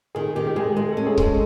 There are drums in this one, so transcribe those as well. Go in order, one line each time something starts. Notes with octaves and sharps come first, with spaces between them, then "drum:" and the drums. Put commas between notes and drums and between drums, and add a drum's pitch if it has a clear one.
D#3 G#4
D#3 G4
G4
G#3 G#4
G#3 G#4
C#4 A4
G#4
G#3 A4, drum: kick C#1